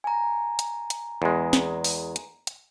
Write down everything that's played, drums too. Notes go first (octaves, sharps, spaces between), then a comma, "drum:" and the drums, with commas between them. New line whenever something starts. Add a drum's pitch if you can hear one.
G#5 A#5
drum: hi-hat
drum: hi-hat
E2 G#3
drum: snare
drum: open hi-hat
drum: hi-hat
drum: hi-hat